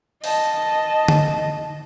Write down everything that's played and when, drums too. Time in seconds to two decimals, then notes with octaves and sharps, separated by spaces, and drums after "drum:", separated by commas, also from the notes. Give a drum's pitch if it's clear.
0.24 D#5 A5, drum: cymbal
1.08 drum: tom D3